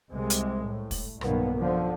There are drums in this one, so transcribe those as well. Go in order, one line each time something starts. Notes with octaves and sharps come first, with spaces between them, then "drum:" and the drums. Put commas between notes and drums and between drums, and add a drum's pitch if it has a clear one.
C2 C3 G#3
drum: hi-hat
A2
drum: kick, open hi-hat
B1 G2 D#3 A#3 B3, drum: rim click
D3 F3